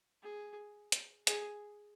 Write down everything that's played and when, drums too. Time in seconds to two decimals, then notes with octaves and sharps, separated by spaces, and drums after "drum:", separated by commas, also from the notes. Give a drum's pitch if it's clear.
0.23 G#4
0.92 drum: hi-hat
1.27 G#4, drum: hi-hat